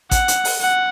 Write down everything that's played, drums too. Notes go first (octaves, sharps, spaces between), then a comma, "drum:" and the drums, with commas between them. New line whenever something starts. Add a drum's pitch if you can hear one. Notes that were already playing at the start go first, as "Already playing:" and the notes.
F#5, drum: kick A1, hi-hat
drum: hi-hat
drum: open hi-hat
F#5